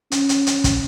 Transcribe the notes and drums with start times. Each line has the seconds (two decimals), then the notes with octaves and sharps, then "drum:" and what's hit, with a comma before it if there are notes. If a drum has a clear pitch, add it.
0.12 C#4, drum: hi-hat
0.29 drum: hi-hat
0.47 drum: hi-hat
0.64 drum: kick, hi-hat